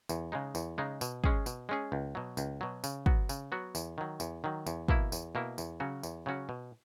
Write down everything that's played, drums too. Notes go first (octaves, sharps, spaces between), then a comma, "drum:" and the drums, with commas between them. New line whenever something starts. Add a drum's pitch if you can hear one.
E2, drum: tambourine
C#3 G#3 D#4
E2, drum: tambourine
C#3 G#3 D#4
B2, drum: tambourine
G#3 C#4 G#4, drum: kick
B2, drum: tambourine
G#3 C#4 G#4
C#2
B2 F#3
C#2, drum: tambourine
B2 F#3
C#3, drum: tambourine
F#3 B3 F#4, drum: kick
C#3, drum: tambourine
F#3 B3 F#4
E2, drum: tambourine
D#3 F#3
E2, drum: tambourine
D#3 F#3
E2, drum: tambourine
B2 A#3 E4, drum: kick
E2, drum: tambourine
B2 A#3 E4
E2, drum: tambourine
C#3 F#3 C#4 F#4
E2, drum: tambourine
C#3 F#3 C#4 F#4
B2